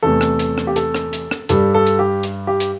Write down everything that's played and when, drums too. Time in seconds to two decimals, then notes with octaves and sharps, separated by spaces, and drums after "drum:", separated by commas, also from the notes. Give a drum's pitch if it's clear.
0.03 E2 C3 A3 A4
0.21 drum: rim click
0.39 drum: hi-hat
0.58 drum: rim click
0.67 G4
0.76 A4, drum: hi-hat
0.95 drum: rim click
1.13 drum: hi-hat
1.31 drum: rim click
1.49 G2 G3 A4, drum: hi-hat
1.74 A4
1.87 drum: hi-hat
1.99 G4
2.23 drum: hi-hat
2.47 G4
2.60 drum: hi-hat